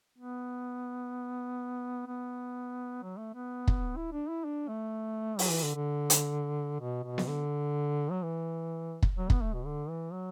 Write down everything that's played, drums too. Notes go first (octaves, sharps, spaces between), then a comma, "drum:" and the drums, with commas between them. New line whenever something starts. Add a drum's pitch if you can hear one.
B3
B3
F#3
A3
B3
drum: kick
E4
D4
E4
D4
A3
F#3, drum: open hi-hat
E3
D3
D3
drum: hi-hat
B2
B2
drum: snare B3
D3
F#3
E3
drum: kick
F#3
B3, drum: kick
A3
B2
D3
E3
F#3